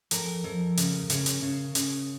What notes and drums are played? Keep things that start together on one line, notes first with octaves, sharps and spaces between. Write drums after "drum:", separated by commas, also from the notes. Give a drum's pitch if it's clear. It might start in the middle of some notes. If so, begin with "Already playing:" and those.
F2 A#4, drum: hi-hat
F2
C#3, drum: hi-hat
C#3, drum: hi-hat
drum: hi-hat
C#3
C#3, drum: hi-hat